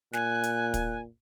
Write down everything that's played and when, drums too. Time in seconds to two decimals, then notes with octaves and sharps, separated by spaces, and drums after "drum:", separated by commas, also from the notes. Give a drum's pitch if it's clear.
0.13 A#2 G#5 F#6, drum: snare
0.43 drum: hi-hat
0.74 drum: kick, hi-hat